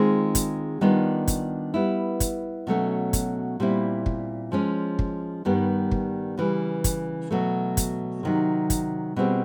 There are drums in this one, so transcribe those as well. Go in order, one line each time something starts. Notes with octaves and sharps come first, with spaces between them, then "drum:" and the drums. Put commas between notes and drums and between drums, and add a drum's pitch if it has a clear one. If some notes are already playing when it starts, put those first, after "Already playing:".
Already playing: D#3 G#3 C4 F4 G#4
drum: kick, hi-hat
D#3 G3 B3 D4 F4
drum: kick, hi-hat
G3 B3 E4
drum: kick, hi-hat
B2 F#3 A3 C#4
drum: kick, hi-hat
A#2 G3 C4 E4
drum: kick
F3 G#3 C#4
drum: kick
G2 D#3 G3 B3
drum: kick
C#3 E3 G3
drum: kick, hi-hat
B2 F#3 A3
drum: kick, hi-hat
C3 D#3 F#3
drum: kick, hi-hat
B2 G3 C4 F4 G#4